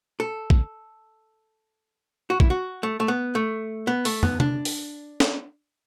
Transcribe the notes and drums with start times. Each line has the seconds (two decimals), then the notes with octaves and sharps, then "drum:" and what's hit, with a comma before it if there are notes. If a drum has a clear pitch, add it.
0.20 A4
0.50 drum: kick
2.30 F#4
2.40 E4, drum: kick
2.50 F#4
2.83 A3
3.00 A3
3.08 B3
3.35 A3
3.87 B3
4.05 A3, drum: open hi-hat
4.23 B3, drum: tom
4.40 D4, drum: tom C3
4.65 drum: open hi-hat
5.20 drum: snare